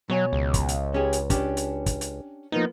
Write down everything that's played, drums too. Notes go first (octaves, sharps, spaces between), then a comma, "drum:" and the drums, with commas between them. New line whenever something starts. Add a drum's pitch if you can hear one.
B2 F#3 C#5 G#5
C#2
drum: kick, hi-hat
drum: hi-hat
C#4 G4 G#4
drum: hi-hat
C#4 D4 G4, drum: kick, hi-hat
drum: hi-hat
drum: kick, hi-hat
drum: hi-hat
F3 A#3 B3 D#4